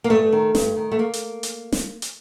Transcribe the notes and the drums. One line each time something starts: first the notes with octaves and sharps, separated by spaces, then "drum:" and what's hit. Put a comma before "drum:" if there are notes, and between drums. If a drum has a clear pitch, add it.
A#3
G2 A3
D#3
G2, drum: snare
D#3
A3
A#3
drum: hi-hat
drum: hi-hat
drum: snare
drum: hi-hat